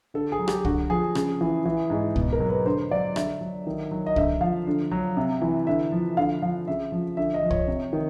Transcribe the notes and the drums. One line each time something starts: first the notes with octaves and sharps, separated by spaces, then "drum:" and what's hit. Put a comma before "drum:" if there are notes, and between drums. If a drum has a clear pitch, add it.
D3 A4
G#4
F#3
G4, drum: rim click
D3 F#4, drum: kick
F3 G#4
C#3, drum: rim click
E3
E3
G#2
B2, drum: kick
A#4
F#3
B4
D3 C5
F#3 D5
D3 E5, drum: rim click
F#3
D#3
F#3
D#5
D3 E5, drum: kick
F3 F5
D3
F#3
C3
E3
D3 E5
F3
D3 F5
F3 F5
C#3 E5
F3
D3 E5
D#5
F3
C#5, drum: kick
C3
D#3